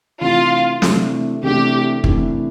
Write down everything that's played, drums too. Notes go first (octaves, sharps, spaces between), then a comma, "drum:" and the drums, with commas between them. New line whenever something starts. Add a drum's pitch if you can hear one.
C3 E3 A3 D4 F4
C3 E3 A3 D4, drum: snare
C3 E3 A3 D4 G4
C3 E3 A3 D4, drum: kick